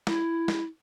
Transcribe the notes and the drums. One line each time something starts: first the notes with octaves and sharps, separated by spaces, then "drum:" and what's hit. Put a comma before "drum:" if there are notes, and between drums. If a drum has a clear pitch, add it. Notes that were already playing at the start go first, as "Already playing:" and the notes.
E4, drum: snare
drum: snare